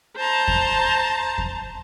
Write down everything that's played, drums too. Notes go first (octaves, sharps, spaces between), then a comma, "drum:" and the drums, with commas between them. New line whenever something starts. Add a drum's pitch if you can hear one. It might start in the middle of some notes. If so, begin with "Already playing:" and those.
C5 A5 A#5
drum: kick E2
drum: kick E2